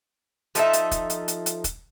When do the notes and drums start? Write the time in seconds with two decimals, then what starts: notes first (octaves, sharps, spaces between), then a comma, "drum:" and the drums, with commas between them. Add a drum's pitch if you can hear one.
0.55 F3 D#4 A4 E5, drum: hi-hat
0.73 drum: hi-hat
0.91 drum: kick, hi-hat
1.10 drum: hi-hat
1.28 drum: hi-hat
1.46 drum: hi-hat
1.64 drum: kick, hi-hat